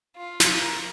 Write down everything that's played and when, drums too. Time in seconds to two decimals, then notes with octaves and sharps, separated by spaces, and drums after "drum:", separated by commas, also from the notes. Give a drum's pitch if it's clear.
0.16 F4
0.40 drum: snare
0.59 A#4